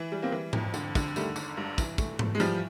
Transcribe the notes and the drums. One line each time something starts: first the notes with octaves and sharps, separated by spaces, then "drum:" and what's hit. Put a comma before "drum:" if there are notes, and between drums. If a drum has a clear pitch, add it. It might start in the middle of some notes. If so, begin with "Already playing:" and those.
Already playing: E3
G3
A#3 C4
E3
F2, drum: tom G#2
D3, drum: tambourine
D3, drum: kick, tambourine
D#3 G3 A3, drum: tambourine
G1, drum: tambourine
G2
E3, drum: kick, tambourine
A3, drum: kick, tambourine
A3, drum: tom G#2
G#3
E3 F3 G3, drum: tambourine